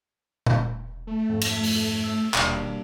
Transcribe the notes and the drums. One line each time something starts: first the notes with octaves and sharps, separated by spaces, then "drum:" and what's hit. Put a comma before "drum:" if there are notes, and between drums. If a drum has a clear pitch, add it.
E1, drum: tom
A3
F2 G#2
drum: cymbal
drum: open hi-hat
E6
D#1 B2 G3 A#3 D4, drum: clap